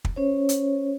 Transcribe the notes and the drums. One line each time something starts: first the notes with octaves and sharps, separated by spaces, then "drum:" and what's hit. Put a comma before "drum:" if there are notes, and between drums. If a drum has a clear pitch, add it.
drum: kick
C#4 C5 C#5
drum: hi-hat